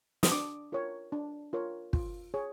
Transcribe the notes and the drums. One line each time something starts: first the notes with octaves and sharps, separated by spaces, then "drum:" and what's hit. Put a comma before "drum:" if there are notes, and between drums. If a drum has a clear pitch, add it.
D#6, drum: snare
D4 D6
F4 A#4 C#5
D4
F4 A#4 C#5
F4, drum: kick
G#4 C#5